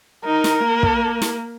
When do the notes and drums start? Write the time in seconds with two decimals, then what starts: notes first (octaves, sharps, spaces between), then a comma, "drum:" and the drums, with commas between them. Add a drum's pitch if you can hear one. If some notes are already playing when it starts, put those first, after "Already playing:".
0.25 D#4 A#4
0.44 drum: snare
0.64 A#3
0.83 drum: kick
1.22 drum: snare